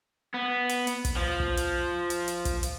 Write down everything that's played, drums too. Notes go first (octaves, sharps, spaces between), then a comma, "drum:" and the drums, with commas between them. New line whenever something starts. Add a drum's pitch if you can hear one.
B3
drum: hi-hat
drum: hi-hat
drum: kick, hi-hat
F3
drum: kick
drum: hi-hat
drum: hi-hat
drum: hi-hat
drum: kick, hi-hat
drum: hi-hat